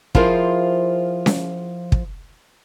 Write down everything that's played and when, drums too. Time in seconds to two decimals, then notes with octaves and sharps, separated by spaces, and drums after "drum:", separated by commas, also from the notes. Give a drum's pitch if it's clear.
0.15 F3 E4 F4 G#4 A#4 C5, drum: kick
1.26 drum: snare C#4
1.92 drum: kick